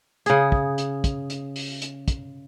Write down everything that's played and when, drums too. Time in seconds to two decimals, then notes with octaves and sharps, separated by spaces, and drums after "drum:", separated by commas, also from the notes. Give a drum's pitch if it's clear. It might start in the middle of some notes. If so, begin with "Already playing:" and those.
0.26 C#3 G#4, drum: hi-hat
0.52 drum: kick
0.78 drum: hi-hat
1.04 drum: kick, hi-hat
1.30 drum: hi-hat
1.56 drum: open hi-hat
1.82 drum: hi-hat
2.08 drum: kick, hi-hat